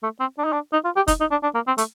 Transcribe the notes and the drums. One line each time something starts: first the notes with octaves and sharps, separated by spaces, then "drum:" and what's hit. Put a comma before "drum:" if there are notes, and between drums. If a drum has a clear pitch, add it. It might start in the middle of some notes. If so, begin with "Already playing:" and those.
A3
C4
D4
D#4
D4
D#4
F4
G4
D#4, drum: kick, hi-hat
D#4
D4
D4
A#3
C4
A3, drum: hi-hat